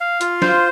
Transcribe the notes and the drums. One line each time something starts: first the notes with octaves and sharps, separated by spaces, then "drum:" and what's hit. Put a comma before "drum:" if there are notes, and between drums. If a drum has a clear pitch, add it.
F5
F4, drum: hi-hat
C5, drum: snare